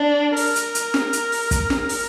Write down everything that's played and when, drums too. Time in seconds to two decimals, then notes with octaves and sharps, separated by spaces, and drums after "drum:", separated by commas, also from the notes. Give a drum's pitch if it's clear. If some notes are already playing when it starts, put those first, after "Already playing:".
Already playing: D4
0.36 A#4, drum: open hi-hat
0.56 drum: hi-hat
0.75 drum: hi-hat
0.94 drum: snare
1.13 drum: hi-hat
1.32 drum: open hi-hat
1.51 drum: kick, hi-hat
1.70 drum: snare
1.89 drum: open hi-hat